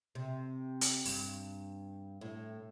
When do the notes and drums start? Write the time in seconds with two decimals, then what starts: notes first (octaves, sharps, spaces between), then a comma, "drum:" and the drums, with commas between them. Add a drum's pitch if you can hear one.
0.15 C3
0.81 drum: hi-hat
1.06 G2, drum: open hi-hat
2.21 A2